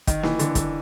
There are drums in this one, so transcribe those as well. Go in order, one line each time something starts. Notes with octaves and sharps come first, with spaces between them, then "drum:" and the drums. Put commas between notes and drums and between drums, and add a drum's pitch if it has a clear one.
D#3, drum: kick, hi-hat
E3, drum: snare A#3
D3, drum: hi-hat
D3, drum: kick, hi-hat